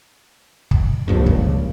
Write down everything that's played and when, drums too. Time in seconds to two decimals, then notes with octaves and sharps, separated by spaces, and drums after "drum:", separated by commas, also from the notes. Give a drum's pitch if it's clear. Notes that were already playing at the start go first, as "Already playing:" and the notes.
0.71 drum: kick
1.08 C#2 G2 A#2 C#3 F3
1.26 drum: kick